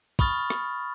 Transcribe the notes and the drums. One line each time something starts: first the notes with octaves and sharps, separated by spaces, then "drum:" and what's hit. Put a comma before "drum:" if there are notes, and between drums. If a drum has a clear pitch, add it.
B5 C#6 D#6 F6 A6, drum: kick, hi-hat
drum: rim click